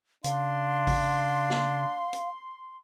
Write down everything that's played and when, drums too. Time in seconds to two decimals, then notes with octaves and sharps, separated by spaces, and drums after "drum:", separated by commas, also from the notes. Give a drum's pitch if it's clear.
0.24 C#3 D4 F5 C6, drum: hi-hat
0.87 drum: kick A1, open hi-hat
1.50 drum: snare
2.13 drum: hi-hat